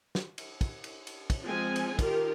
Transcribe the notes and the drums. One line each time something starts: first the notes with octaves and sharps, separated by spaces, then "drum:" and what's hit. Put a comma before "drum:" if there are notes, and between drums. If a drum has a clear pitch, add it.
drum: snare
drum: cymbal
drum: kick, cymbal
drum: cymbal
drum: cymbal
drum: kick, cymbal
F3 G#3 C4 G#5
drum: cymbal
D#3 F4 G4 A#4, drum: kick, cymbal